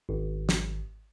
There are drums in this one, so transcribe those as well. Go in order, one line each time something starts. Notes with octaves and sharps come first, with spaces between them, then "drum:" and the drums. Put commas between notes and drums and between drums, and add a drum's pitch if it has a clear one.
G#1
drum: snare